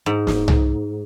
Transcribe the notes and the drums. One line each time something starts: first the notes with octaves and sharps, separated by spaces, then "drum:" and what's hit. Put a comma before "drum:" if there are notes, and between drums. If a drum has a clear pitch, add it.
G#2
drum: snare
drum: tom C2